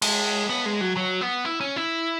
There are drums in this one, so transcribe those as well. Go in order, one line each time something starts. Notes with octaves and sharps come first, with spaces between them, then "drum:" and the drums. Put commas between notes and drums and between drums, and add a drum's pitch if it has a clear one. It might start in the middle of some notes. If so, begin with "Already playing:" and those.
G#3, drum: cymbal
B3
G#3
F#3
F#3
B3
E4
C#4
E4